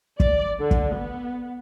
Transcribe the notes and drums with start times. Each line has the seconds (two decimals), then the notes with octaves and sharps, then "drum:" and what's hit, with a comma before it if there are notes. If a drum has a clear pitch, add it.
0.20 D5, drum: kick
0.58 D3
0.71 drum: kick
0.94 B3